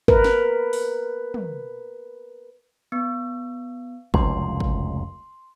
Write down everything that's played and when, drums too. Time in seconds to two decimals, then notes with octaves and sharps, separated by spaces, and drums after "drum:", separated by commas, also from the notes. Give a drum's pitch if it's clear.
0.08 A#4 B4, drum: kick
0.24 drum: snare
0.73 drum: open hi-hat
1.34 drum: tom
2.92 B3
4.14 F1 C#2 F#2 C6, drum: kick
4.60 drum: kick